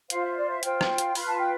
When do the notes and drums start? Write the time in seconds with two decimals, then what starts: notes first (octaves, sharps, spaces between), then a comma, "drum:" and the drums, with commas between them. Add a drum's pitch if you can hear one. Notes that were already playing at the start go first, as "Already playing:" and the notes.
0.10 F4 C5 F5, drum: hi-hat
0.23 E5
0.36 D5
0.50 E5
0.63 F4 C5 G5, drum: hi-hat
0.81 drum: rim click
0.98 drum: hi-hat
1.15 F4 B4 B5, drum: open hi-hat
1.27 A5
1.39 G5